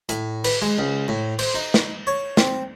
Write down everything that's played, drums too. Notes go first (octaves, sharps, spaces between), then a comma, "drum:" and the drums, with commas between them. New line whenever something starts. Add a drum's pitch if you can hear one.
A2, drum: hi-hat
B4, drum: cymbal
G#3
C#2
A2
C5, drum: cymbal
D#4
drum: snare
C#5
C4, drum: snare